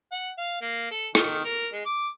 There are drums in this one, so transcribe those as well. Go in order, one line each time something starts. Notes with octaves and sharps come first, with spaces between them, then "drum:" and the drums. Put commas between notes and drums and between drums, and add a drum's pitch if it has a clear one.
F#5
F5
A#3
A4
D#3, drum: rim click
A#4
G#3
D6